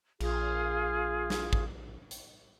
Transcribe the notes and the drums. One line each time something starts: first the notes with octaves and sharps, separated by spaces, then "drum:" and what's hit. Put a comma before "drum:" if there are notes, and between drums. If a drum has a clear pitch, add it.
A#1 F4 G#4 F5, drum: cymbal
drum: snare
drum: kick
drum: hi-hat